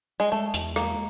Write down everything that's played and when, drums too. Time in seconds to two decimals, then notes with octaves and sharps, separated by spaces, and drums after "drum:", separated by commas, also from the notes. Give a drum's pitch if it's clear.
0.20 G#3
0.32 G#3 A3
0.54 E2, drum: hi-hat
0.76 G#3 A#3, drum: rim click